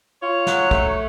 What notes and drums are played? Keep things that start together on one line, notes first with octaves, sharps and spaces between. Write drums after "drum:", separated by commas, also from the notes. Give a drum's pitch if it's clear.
F4 C#5
F#3, drum: snare
A3, drum: kick